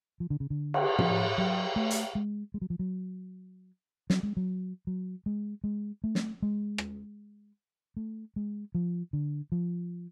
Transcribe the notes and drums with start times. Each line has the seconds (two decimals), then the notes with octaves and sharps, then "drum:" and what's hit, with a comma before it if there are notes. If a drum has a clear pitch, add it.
0.20 F3
0.30 D3
0.40 C#3
0.50 D3
0.74 drum: cymbal
0.99 F3, drum: tom
1.38 F#3
1.76 A3
1.90 drum: hi-hat
2.15 G#3
2.54 G#3
2.62 F#3
2.70 F3
2.79 F#3
4.10 F#3, drum: snare
4.23 G#3
4.37 F#3
4.87 F#3
5.26 G#3
5.64 G#3
6.04 A3
6.15 drum: snare
6.42 G#3
6.78 drum: rim click
7.97 A3
8.36 G#3
8.75 F3
9.13 D3
9.52 F3